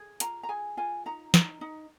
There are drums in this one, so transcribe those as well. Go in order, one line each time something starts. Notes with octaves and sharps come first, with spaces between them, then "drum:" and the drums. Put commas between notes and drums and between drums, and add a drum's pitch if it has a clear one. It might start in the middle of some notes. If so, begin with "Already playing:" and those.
Already playing: G#4
F4 A#5, drum: hi-hat
A#5
G#4 G#5
F4 G#5
D#4 A#5
D#4, drum: snare
D#4